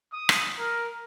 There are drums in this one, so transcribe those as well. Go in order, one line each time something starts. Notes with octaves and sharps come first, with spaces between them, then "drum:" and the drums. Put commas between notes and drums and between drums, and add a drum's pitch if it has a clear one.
D#6
drum: rim click
A#4